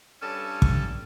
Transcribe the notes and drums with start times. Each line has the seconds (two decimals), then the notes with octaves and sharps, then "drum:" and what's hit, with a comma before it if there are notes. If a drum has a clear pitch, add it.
0.22 G2 C#4 A4 C#5 D5
0.62 drum: kick